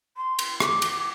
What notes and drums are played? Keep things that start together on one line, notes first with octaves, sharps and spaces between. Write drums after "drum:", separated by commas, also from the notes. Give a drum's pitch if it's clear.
C6
drum: cymbal
D6, drum: rim click
drum: cymbal